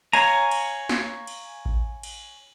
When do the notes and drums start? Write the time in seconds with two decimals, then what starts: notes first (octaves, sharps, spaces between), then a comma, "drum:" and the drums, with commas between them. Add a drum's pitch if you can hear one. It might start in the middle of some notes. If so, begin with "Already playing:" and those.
0.13 C#5 F5 G#5 A#5, drum: cymbal
0.51 drum: cymbal
0.89 drum: snare
1.27 drum: cymbal
1.65 drum: kick A1
2.03 drum: cymbal